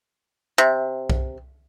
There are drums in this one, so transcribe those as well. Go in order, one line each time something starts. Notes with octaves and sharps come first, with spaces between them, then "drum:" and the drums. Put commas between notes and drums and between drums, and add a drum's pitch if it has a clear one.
C3
drum: kick B1